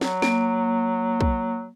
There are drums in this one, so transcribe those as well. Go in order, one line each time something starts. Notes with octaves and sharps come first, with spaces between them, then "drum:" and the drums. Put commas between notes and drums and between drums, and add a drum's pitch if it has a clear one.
F#3, drum: snare
A#3, drum: snare
drum: kick